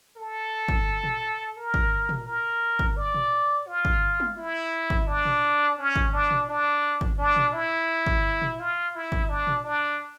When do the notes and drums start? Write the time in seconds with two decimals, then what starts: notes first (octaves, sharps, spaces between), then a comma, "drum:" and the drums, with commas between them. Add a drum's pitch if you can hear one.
0.16 A4
0.68 drum: kick
1.04 drum: tom
1.57 A#4
1.74 drum: kick
2.09 drum: tom
2.26 A#4
2.79 drum: kick
2.97 D5
3.14 drum: tom
3.67 F4
3.85 drum: kick
4.20 drum: tom
4.37 E4
4.90 drum: kick
5.07 D4
5.25 drum: tom
5.78 C#4
5.96 drum: kick
6.13 D4
6.31 drum: tom
6.49 D4
7.01 drum: kick
7.19 D4
7.36 drum: tom
7.53 E4
8.06 drum: kick
8.42 drum: tom
8.59 F4
8.95 E4
9.12 drum: kick
9.29 D4
9.47 drum: tom
9.64 D4